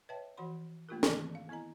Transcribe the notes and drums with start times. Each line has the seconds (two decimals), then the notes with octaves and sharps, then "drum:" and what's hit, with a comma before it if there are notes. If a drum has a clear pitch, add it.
0.09 B4 C#5 D#5 E5 G5 A5
0.37 E3 F3 F#4 F#5 B5 C6
0.89 A3 A#3 D4 F4 G4 A#4
1.03 D#3 E3 A#3 C4 A#4 D6, drum: snare
1.35 F5
1.49 B3 E4 A4 D#5 A#5